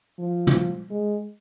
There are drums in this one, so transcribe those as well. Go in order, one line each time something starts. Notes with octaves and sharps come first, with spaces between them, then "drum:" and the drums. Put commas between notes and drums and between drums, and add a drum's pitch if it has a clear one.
F3
drum: tom
G#3